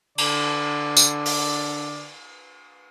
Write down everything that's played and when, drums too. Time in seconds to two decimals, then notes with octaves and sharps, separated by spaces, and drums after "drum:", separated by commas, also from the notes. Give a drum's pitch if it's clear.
0.18 D3 D5, drum: cymbal
0.97 drum: tambourine
1.25 drum: open hi-hat